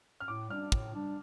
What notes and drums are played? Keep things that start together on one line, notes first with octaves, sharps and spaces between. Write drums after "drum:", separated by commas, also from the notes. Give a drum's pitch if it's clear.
F6
A2 D6
G3 D4 F6
A2, drum: kick
G3 D4